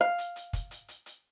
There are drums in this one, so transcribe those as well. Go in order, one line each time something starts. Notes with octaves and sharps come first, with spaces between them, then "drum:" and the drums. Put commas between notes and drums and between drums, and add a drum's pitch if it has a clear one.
F5
drum: hi-hat
drum: hi-hat
drum: kick, hi-hat
drum: hi-hat
drum: hi-hat
drum: hi-hat